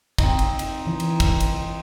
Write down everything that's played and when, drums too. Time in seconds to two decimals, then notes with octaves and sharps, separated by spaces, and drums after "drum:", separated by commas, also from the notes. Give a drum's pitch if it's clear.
0.18 C4 D#4, drum: kick, cymbal
0.39 drum: cymbal
0.59 drum: cymbal
0.87 E3
1.00 drum: cymbal
1.20 drum: kick, cymbal
1.40 drum: cymbal